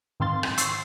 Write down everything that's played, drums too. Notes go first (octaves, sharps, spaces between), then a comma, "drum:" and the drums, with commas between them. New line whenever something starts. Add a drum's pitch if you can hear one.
G#2 D#3 C4 F5 C6 A6
drum: rim click
C6 C#6 E6 A6 C7, drum: hi-hat